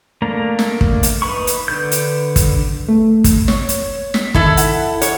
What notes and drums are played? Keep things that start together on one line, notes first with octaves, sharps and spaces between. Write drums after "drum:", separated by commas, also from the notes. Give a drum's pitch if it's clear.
A3 A#3 D4 A#5
drum: snare
drum: kick
drum: hi-hat
D#4 B4 B5 C#6
drum: hi-hat
D3 B4 G6
drum: hi-hat
drum: kick, hi-hat
A3
drum: kick, hi-hat
C#5, drum: snare
drum: hi-hat
B6, drum: snare
D#3 E4 A4, drum: kick
F#5, drum: hi-hat
C#5, drum: hi-hat